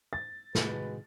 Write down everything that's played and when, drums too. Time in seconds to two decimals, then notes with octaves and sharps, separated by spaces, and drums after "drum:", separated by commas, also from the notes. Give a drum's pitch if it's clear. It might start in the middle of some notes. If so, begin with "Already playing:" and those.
0.13 A6
0.55 A2 C3 D#3 G#3 F#4 B4, drum: snare